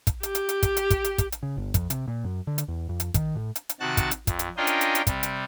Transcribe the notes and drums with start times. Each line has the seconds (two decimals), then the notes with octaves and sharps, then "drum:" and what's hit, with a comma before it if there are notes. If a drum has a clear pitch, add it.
0.07 drum: kick, hi-hat
0.23 G4, drum: hi-hat
0.35 drum: hi-hat
0.49 drum: hi-hat
0.63 drum: kick, hi-hat
0.77 drum: hi-hat
0.90 drum: kick, hi-hat
1.04 drum: hi-hat
1.18 drum: kick, hi-hat
1.32 drum: hi-hat
1.43 C#3
1.57 G1
1.74 F2, drum: kick, hi-hat
1.90 C3, drum: hi-hat
2.08 A#2
2.24 F#2
2.47 D3
2.58 drum: hi-hat
2.68 E2
2.89 F2
3.00 drum: hi-hat
3.14 D#3, drum: kick, hi-hat
3.36 A2
3.55 drum: hi-hat
3.69 drum: hi-hat
3.80 C3 D#3 F#4 A5 F#6 A6
3.97 drum: kick, hi-hat
4.11 drum: hi-hat
4.27 F2, drum: kick, hi-hat
4.39 drum: hi-hat
4.57 C#4 D4 F4 A#4 D#5 G5
4.67 drum: hi-hat
4.81 drum: hi-hat
4.95 drum: hi-hat
5.07 C3 G3, drum: kick, hi-hat
5.23 drum: hi-hat